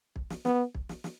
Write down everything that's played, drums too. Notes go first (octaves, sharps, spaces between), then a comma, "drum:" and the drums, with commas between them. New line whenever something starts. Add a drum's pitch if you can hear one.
drum: kick
drum: snare
B3, drum: snare
drum: kick
drum: snare
drum: snare